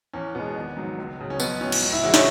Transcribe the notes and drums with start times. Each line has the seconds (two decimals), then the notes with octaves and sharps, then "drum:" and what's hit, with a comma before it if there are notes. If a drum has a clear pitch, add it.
0.13 E2 C#4
0.34 B2 G#3 B3
0.56 G#1
0.77 G#2 F#3
0.98 C#2
1.19 C#3 F#3
1.30 C#4
1.40 B1 B3, drum: tambourine
1.61 A2 F#3 C#4
1.72 drum: cymbal
1.82 C#2
1.93 E4
2.03 C#3 E3 G#3 F#4
2.14 C#5, drum: snare